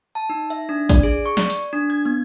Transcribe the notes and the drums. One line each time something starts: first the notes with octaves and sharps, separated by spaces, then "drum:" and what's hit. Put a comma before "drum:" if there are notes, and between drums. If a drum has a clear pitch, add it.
A5
D#4
E5
D4
D5, drum: kick, hi-hat
G#4
C#6
D5, drum: snare
drum: hi-hat
D4
G#6
B3